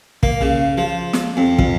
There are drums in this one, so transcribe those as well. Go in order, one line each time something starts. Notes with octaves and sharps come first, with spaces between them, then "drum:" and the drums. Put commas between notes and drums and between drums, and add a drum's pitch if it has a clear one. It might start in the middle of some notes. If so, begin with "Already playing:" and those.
A#3, drum: kick
C#3
F3
drum: snare
F2
F2, drum: kick